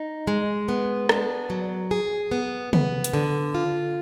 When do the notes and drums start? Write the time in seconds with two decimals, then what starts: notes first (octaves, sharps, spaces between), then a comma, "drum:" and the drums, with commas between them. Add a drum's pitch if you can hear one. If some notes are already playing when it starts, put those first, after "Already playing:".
Already playing: D#4
0.27 G#3
0.69 B3
1.09 D4, drum: rim click
1.50 F#3
1.91 G#4
2.31 B3
2.73 B3, drum: tom
3.04 drum: hi-hat
3.13 D3
3.54 F4